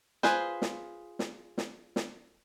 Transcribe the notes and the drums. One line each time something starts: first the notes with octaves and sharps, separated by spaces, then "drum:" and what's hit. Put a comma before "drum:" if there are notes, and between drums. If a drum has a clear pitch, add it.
F4 G#4 B4 C5, drum: snare
drum: snare
drum: snare
drum: snare
drum: snare